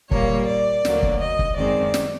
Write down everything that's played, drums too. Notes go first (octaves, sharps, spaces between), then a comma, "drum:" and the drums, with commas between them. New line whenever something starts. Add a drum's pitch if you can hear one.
A#2 G3 A#3 C#5, drum: kick
D5
D2 D3 F#3 A#3, drum: snare
drum: kick
D#5
drum: kick
F#2 D#3 G#3 C4 D5
drum: snare